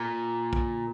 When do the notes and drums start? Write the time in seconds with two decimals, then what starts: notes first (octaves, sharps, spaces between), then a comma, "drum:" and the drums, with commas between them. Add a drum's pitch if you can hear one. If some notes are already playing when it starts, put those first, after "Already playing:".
Already playing: A#2
0.53 drum: kick